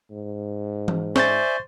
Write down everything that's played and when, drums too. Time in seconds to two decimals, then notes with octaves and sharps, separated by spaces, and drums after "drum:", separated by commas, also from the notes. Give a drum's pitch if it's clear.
0.11 G#2
0.88 drum: tom E3
1.16 C5 D5 E5 G#5 C#6 G6 A6, drum: snare